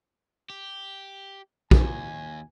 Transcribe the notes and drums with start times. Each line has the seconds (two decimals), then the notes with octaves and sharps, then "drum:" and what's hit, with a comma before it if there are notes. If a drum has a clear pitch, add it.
0.50 G4
1.71 D#2 G#5, drum: kick